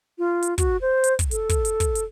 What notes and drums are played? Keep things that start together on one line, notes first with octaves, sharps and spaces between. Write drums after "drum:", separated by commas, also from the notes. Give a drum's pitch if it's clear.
F4
drum: hi-hat
F#4, drum: kick, hi-hat
C5
drum: hi-hat
drum: kick, hi-hat
A4, drum: hi-hat
drum: kick, hi-hat
drum: hi-hat
drum: kick, hi-hat
drum: hi-hat